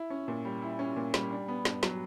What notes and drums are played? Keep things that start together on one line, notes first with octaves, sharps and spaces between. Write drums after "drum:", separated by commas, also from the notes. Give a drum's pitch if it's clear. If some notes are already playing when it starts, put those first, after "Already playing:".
Already playing: E4
C#4
A#2
G3
E4
C#4
A#2
G3, drum: snare
D4
B3
G2, drum: snare
F#3, drum: snare